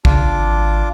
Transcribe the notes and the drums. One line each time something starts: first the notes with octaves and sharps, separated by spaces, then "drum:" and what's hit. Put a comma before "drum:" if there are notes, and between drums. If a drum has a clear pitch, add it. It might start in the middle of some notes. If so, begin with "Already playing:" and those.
C#3 D4 F4 D6, drum: kick
G1
G#1